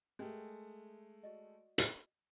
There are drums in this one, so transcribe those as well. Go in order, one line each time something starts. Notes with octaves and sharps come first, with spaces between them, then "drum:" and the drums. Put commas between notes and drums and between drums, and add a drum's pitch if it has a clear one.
G#3 A3 G4 A#4
F#4 D5 D#5
drum: hi-hat